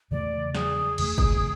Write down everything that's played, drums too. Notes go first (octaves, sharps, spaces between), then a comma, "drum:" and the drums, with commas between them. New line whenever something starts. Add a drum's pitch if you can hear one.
E2 C#3 E3 A3 D5
G#4, drum: snare
E2 C#3 E3 A3, drum: cymbal
drum: kick G1